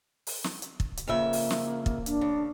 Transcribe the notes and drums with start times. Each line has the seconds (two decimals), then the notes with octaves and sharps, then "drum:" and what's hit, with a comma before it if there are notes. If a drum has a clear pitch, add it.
0.27 drum: open hi-hat
0.44 drum: snare
0.62 drum: hi-hat
0.80 drum: kick
0.97 drum: hi-hat
1.07 F2 C#3 A#3 E5
1.33 drum: open hi-hat
1.50 drum: snare
1.86 drum: kick
2.06 D4, drum: hi-hat
2.21 C#3